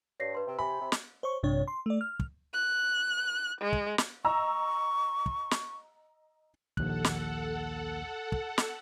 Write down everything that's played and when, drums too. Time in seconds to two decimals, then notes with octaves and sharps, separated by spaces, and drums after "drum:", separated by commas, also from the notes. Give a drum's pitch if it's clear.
0.20 G2 C#5 A#6 C7
0.35 B4 C6
0.47 C3 C4
0.59 C3 G#5 B5
0.80 C3
0.92 drum: snare
1.23 C5 C#5 C#6
1.43 A#1 G2 C3 D4 C#5
1.68 C6
1.86 A3 D5
2.01 F6
2.20 drum: kick
2.53 F#6
3.60 G#3
3.73 drum: kick
3.98 drum: snare
4.25 D#5 A#5 C#6 E6
5.26 drum: kick
5.51 drum: snare
6.77 A#1 D#2 A4 F#5 F#6, drum: kick
7.04 drum: snare
8.32 drum: kick
8.58 drum: snare